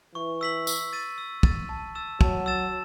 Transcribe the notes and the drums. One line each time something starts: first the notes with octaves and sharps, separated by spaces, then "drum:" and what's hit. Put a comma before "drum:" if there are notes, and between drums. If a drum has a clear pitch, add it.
E3 C#6
E6 B6 F#7
E6, drum: tambourine
A6 D#7
E6
A6 D#7, drum: kick
A5
E6 A6 E7
F#3 A5, drum: kick
E6 A6 E7